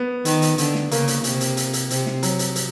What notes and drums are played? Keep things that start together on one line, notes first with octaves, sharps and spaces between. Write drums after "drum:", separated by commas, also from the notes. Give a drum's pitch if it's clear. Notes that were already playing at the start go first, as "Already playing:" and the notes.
Already playing: B3
D#3, drum: hi-hat
drum: hi-hat
D3, drum: hi-hat
drum: snare
C#3 A#3, drum: hi-hat
drum: hi-hat
C3, drum: hi-hat
drum: hi-hat
drum: hi-hat
drum: hi-hat
C3, drum: hi-hat
drum: snare
F#3, drum: hi-hat
drum: hi-hat
drum: hi-hat